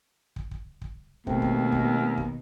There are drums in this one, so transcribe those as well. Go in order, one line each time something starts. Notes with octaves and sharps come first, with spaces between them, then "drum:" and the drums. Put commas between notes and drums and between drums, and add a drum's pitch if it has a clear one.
drum: kick
drum: kick
drum: kick
D#2 B2 A3 C4, drum: kick
drum: kick
drum: kick
drum: kick